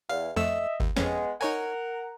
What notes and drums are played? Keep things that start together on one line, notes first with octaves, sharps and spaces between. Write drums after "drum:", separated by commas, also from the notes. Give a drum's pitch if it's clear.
E2 F5
F2 A3 D#5 E5 E6
D#2, drum: kick G1
F2 G#3 B3 C#4, drum: snare
D#4 A#4 C#5 F#5 G#5 A#5